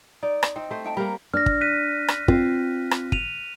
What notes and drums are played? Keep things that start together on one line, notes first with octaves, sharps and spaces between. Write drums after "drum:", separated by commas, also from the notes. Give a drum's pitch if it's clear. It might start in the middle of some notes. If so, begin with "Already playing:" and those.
D#4 D5
drum: rim click
C4 D#4
A3 C5
D#4 G5 A5
G3 A#3 A#4 A#5
D4 F6 A#6
drum: kick
F#6 B6 D#7
drum: rim click
C4 F4, drum: kick
drum: rim click
D#7 F7, drum: kick